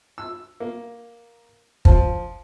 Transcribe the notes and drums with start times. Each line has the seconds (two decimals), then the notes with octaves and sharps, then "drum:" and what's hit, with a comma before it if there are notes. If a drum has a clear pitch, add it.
0.18 E6
0.60 A#3
1.85 F3, drum: kick